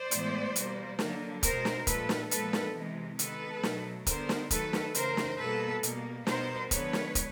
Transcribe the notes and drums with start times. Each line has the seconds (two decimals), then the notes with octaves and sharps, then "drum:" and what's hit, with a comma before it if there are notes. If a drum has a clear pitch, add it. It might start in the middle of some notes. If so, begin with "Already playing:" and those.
Already playing: C5 D5
0.11 A2 E3 G#3 B3, drum: hi-hat
0.56 B2 G3 A#3, drum: hi-hat
0.99 D3 F#3 A#3, drum: snare
1.43 B2 G#3 B3 A#4 C5, drum: kick, hi-hat
1.65 drum: snare
1.87 A#2 F3 G#3 A4 B4, drum: kick, hi-hat
2.09 drum: snare
2.31 A#2 F3 G#3 B3 A4 B4, drum: hi-hat
2.53 drum: snare
2.75 C3 E3 G#3
3.19 D#3 G#3 B3 A4 B4, drum: hi-hat
3.63 B2 F#3 A3, drum: snare
4.07 D3 G3 B3 A#4 C5, drum: kick, hi-hat
4.29 drum: snare
4.51 D#3 F#3 A3 A4 B4, drum: kick, hi-hat
4.73 drum: snare
4.95 C#3 E3 A3 A#4 C5, drum: hi-hat
5.17 drum: snare
5.39 B2 G3 A#3 A4 B4
5.83 B2 G3 A#3, drum: hi-hat
6.27 B2 G3 B3 A#4 C5, drum: snare
6.71 D3 F3 G#3 B3 B4 C#5, drum: kick, hi-hat
6.93 drum: snare
7.15 drum: kick, hi-hat